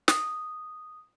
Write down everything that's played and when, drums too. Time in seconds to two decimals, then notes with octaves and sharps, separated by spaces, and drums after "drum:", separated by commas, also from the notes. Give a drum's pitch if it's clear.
0.08 D#6, drum: snare